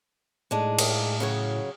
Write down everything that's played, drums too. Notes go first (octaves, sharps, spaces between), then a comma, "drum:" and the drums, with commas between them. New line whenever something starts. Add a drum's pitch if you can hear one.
A2 G#3 D4 D#4
drum: cymbal
C#3 F#3 C#5